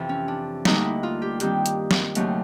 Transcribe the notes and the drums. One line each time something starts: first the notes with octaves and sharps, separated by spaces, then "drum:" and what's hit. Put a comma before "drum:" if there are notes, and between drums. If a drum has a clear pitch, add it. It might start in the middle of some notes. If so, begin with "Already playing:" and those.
Already playing: F2 C3 E3
C#4
D4
D2 D3 G3 A#3 D#4, drum: snare
E4
F4
G4
G2 D#3 G3 C4 G4, drum: hi-hat
drum: hi-hat
drum: snare
D#2 C#3 F#3 A3 C4, drum: hi-hat